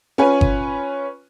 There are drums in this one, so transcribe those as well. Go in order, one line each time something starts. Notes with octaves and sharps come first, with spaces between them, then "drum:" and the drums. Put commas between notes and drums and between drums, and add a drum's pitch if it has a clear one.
C#4 F4 B4 G#5
drum: kick G1